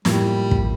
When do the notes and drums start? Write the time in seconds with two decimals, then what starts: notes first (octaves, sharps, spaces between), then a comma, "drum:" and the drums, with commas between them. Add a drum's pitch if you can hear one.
0.05 A2 F3 G3 A#3, drum: snare
0.51 drum: kick